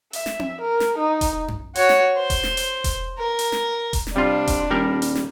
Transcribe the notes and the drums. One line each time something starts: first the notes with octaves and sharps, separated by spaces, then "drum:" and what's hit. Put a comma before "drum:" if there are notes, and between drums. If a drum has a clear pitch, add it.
E5, drum: hi-hat
drum: snare
drum: tom C4
A#4
drum: snare
D#4
drum: kick E1, hi-hat
drum: tom F#2
F#4 C#5, drum: hi-hat
drum: snare
C5
drum: kick E1, hi-hat
drum: snare
drum: hi-hat
drum: kick E1, hi-hat
A#4
drum: hi-hat
drum: snare
drum: kick E1, hi-hat
drum: snare
C3 G3 D4 F4
drum: kick E1, hi-hat
D#1 G3 A#4
drum: hi-hat
drum: snare